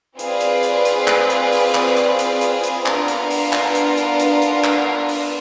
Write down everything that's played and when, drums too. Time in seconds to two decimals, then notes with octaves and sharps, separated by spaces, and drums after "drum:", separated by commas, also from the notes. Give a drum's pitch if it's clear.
0.19 C4 F4 G#4 B4 D5, drum: hi-hat
0.41 drum: hi-hat
0.63 drum: hi-hat
0.85 drum: hi-hat
1.08 drum: clap
1.30 drum: hi-hat
1.52 drum: open hi-hat
1.74 drum: clap
1.97 drum: hi-hat
2.19 drum: hi-hat
2.41 drum: hi-hat
2.64 drum: hi-hat
2.86 B3 D4 F4 A#4, drum: clap
3.08 drum: hi-hat
3.30 drum: open hi-hat
3.53 drum: clap
3.75 drum: hi-hat
3.97 drum: hi-hat
4.20 drum: hi-hat
4.42 drum: hi-hat
4.64 drum: clap
5.09 drum: open hi-hat